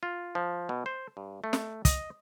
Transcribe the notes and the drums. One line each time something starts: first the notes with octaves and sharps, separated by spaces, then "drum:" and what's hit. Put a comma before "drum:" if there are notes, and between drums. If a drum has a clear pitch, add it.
F4
F3
B2
C5
G2
A3
drum: snare
D#5, drum: kick, hi-hat